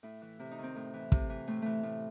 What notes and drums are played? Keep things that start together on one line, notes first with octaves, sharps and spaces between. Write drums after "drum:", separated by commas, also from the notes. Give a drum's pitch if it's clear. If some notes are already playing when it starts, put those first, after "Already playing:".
A2 E4
E3
C3 E4
D#4
D#3
C4
A2
E3
C3, drum: kick
E3
A2 A3
E3 A3
A2